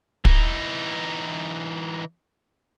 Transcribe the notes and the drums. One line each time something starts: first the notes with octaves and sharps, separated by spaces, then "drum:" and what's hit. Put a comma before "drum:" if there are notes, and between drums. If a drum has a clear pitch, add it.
E3 D#4, drum: kick